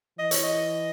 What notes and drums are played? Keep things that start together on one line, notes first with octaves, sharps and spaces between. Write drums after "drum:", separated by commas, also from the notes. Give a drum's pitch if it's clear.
E3 D#5
C#5, drum: hi-hat
D#5